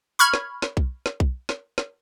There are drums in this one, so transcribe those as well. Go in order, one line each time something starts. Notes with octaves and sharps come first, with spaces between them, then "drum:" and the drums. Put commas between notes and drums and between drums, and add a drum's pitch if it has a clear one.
B5 C#6 F6 G#6
drum: snare
drum: snare
drum: kick B1
drum: snare
drum: kick B1
drum: snare
drum: snare